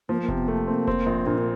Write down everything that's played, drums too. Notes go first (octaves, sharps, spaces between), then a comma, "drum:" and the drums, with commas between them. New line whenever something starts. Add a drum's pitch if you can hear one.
F3 A#3
A#3
C3 C4, drum: kick F1
B3
A3 A#3
A#3 C4
C4, drum: kick F1
A#1
A#2 D4
A#3